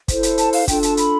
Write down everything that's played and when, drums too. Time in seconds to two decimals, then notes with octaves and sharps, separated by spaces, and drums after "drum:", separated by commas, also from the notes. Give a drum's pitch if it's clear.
0.08 E4 A4 C5, drum: kick, hi-hat
0.23 drum: hi-hat
0.38 A5, drum: hi-hat
0.53 F5, drum: open hi-hat
0.68 D4 F4 A4 G5, drum: kick, hi-hat
0.83 A5, drum: hi-hat
0.97 B5, drum: hi-hat